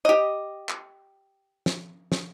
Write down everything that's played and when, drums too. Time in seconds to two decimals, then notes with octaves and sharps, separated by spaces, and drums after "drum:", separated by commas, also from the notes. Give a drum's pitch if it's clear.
0.05 G4 D#5
0.69 drum: clap
1.66 drum: snare
2.12 drum: snare